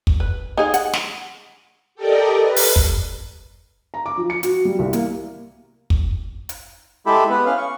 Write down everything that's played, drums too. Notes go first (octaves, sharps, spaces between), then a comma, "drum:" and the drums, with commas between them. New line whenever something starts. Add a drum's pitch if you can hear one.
drum: kick
B4
D#4 G#4 F5
F#5, drum: hi-hat
drum: snare
G4 A4 A#4 D5 D#5 G5
B4
drum: open hi-hat
drum: kick
A#5
D6
F3
C#7
F#4, drum: hi-hat
G3
C2
A#3, drum: hi-hat
drum: kick
drum: hi-hat
G#3 E4 G4 A4 B5
B3 B4
C#4 F5
C#6